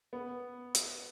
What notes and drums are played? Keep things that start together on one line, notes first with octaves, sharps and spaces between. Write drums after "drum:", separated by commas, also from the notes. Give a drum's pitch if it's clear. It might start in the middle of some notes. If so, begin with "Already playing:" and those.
B3
drum: hi-hat